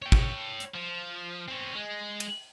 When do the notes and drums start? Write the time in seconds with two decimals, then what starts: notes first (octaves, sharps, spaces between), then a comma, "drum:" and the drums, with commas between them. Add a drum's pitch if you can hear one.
0.02 C#5 G5
0.12 drum: kick
0.60 drum: hi-hat
0.75 F3
1.48 C4 C#4
1.75 G#3
2.20 drum: cymbal